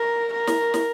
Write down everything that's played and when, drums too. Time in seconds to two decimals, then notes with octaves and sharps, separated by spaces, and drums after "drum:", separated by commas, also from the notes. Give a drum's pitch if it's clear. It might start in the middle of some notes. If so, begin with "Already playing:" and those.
Already playing: A#4
0.34 A#4
0.47 drum: snare
0.74 drum: snare